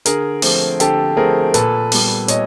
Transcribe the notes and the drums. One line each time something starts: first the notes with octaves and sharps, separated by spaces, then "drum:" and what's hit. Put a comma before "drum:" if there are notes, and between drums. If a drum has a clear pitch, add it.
D3 G#4 A#4, drum: hi-hat
F3 A3 C4, drum: open hi-hat
D3 G4 A4, drum: hi-hat
F3 A3 C4 G#4 A#4
A#2 A4 B4, drum: hi-hat
G3 B3, drum: open hi-hat
A#2 C#5 D#5, drum: hi-hat